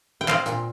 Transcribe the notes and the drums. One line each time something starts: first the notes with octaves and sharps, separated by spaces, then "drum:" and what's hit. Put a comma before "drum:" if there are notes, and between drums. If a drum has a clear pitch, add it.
G5
C4 F5, drum: clap
A#2, drum: hi-hat